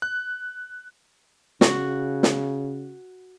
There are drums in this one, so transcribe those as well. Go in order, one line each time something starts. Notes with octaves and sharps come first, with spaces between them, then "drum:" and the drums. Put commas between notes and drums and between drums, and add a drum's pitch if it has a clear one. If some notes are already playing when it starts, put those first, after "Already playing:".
F#6
C#3 F#4, drum: snare
drum: snare